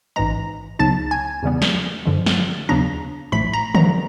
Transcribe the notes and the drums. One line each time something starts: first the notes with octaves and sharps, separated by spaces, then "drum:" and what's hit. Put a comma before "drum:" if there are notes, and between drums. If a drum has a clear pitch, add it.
A1 G#2 E3 G#3 A#5 A#6
C#2 C#3 F#3 B3 D#4 A5 A6
G#5 G#6
E2 C#3 E3 G3 B3
drum: snare
G2 D3 F3 G#3
drum: snare
D#2 C#3 F#3 B3 D4 A#5 A#6
A1 A2 F3 A3 B5 B6
A#5 A#6
A#5 A#6, drum: tom D3